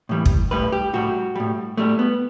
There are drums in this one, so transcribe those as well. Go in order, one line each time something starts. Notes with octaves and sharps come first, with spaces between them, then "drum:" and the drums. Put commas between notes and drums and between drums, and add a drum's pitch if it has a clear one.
A2 E3 G3
drum: kick
A2 G3 B4
G4
A2 G3 F#4
A2 G3
A2 G3 A3
B3